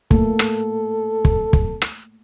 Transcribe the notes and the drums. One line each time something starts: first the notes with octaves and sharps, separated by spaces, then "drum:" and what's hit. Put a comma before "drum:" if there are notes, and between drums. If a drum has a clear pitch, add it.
A3 A#3 A4, drum: kick
drum: rim click
drum: kick
drum: kick
drum: rim click